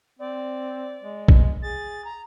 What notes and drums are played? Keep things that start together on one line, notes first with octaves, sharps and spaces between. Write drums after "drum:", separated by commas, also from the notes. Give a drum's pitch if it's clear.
C4 D5
G#3
drum: kick
G#4 A6
A#5